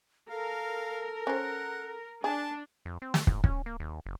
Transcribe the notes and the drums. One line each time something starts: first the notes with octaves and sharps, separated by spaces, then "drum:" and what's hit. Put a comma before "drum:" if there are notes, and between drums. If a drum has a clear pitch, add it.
A4 A#4 F5
C#4 C5 F#5
D4 G#4 A5
F2
C4
A3, drum: snare
G#2, drum: kick
C#4, drum: kick
A#3
D#2
F#1